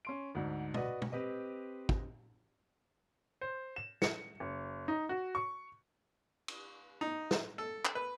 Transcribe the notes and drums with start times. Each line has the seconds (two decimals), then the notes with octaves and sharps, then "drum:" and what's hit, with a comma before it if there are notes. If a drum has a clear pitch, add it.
0.05 C#4 C6 D7
0.35 D2 G#2 D3
0.74 F#4 B4 D5 D#5, drum: tom
1.02 drum: tom
1.12 C4 G4 B4 D#5
1.89 drum: kick
3.41 C5
3.76 E7
4.02 C#7, drum: snare
4.40 F#1
4.88 D#4
5.09 F#4
5.35 C#6
6.48 drum: cymbal
7.01 D#4
7.31 drum: snare
7.58 A4
7.85 drum: clap
7.95 B4